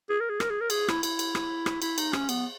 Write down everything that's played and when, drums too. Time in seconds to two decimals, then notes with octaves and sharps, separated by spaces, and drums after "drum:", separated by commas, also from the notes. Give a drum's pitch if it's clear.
0.09 G#4
0.20 A#4
0.29 G#4
0.40 A#4, drum: rim click
0.50 G#4
0.61 A#4
0.70 G#4, drum: cymbal
0.88 E4, drum: rim click
1.03 E4, drum: cymbal
1.19 drum: cymbal
1.35 drum: rim click
1.66 drum: rim click
1.82 E4, drum: cymbal
1.98 D#4, drum: cymbal
2.13 C#4, drum: rim click
2.29 B3, drum: cymbal